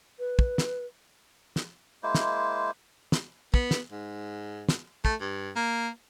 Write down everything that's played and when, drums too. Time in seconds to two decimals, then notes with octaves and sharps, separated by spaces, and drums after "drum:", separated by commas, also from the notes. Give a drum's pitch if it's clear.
0.19 B4
0.39 drum: kick
0.58 drum: snare
1.56 drum: snare
2.03 G#3 A#3 E4 C5
2.15 drum: snare
3.12 drum: snare
3.54 B3, drum: kick
3.71 drum: snare
3.92 G#2
4.69 drum: snare
5.05 A3, drum: kick
5.21 G2
5.56 A#3